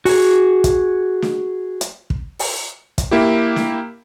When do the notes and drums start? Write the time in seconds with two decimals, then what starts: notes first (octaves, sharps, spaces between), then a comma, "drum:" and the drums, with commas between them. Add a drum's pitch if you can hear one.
0.05 F#4 G#4, drum: open hi-hat
0.64 drum: kick, hi-hat
1.22 drum: snare
1.81 drum: hi-hat
2.10 drum: kick
2.39 drum: open hi-hat
2.98 drum: kick, hi-hat
3.11 A#3 E4 G4
3.56 drum: snare